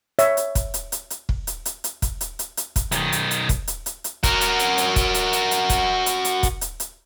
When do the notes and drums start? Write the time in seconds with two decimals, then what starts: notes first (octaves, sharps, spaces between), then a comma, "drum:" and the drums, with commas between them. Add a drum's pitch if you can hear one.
0.19 C#5 E5, drum: hi-hat
0.37 drum: hi-hat
0.55 drum: kick, hi-hat
0.74 drum: hi-hat
0.92 drum: hi-hat
1.10 drum: hi-hat
1.29 drum: kick
1.47 drum: hi-hat
1.66 drum: hi-hat
1.84 drum: hi-hat
2.02 drum: kick, hi-hat
2.21 drum: hi-hat
2.39 drum: hi-hat
2.57 drum: hi-hat
2.76 drum: kick, hi-hat
2.92 B1 D#3, drum: hi-hat
3.12 drum: hi-hat
3.31 drum: hi-hat
3.49 drum: kick, hi-hat
3.68 drum: hi-hat
3.86 drum: hi-hat
4.04 drum: hi-hat
4.23 F#4 A#4, drum: kick, hi-hat
4.41 drum: hi-hat
4.59 drum: hi-hat
4.78 drum: hi-hat
4.96 drum: kick, hi-hat
5.14 drum: hi-hat
5.33 drum: hi-hat
5.51 drum: hi-hat
5.69 drum: kick, hi-hat
6.06 drum: hi-hat
6.25 drum: hi-hat
6.43 drum: kick, hi-hat
6.61 drum: hi-hat
6.80 drum: hi-hat